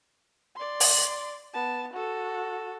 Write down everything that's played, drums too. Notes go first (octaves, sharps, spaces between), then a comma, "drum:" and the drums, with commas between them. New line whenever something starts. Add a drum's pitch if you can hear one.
D5 C6
drum: open hi-hat
B3 A5
F#4 A4